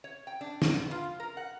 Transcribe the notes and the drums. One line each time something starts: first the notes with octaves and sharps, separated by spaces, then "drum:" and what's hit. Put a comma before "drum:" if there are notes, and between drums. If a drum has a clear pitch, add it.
C#5
G5
D4
drum: snare
B3
F4
A#4
F#5